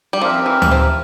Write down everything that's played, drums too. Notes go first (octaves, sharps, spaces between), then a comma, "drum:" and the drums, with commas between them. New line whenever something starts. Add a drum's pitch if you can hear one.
G3
F3 C4 G4 A#4 E5
E3
E3, drum: tom D2
F3